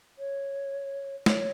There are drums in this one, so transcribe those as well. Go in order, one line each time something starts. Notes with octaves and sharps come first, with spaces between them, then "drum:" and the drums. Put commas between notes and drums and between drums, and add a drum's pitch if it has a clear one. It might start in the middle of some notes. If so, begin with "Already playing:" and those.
C#5
C#5, drum: snare